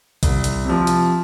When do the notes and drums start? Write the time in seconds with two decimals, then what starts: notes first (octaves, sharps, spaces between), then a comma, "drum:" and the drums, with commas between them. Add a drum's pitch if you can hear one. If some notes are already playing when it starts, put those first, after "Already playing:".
0.23 C2, drum: kick A#1, hi-hat
0.44 drum: hi-hat
0.65 C3 F3
0.87 drum: hi-hat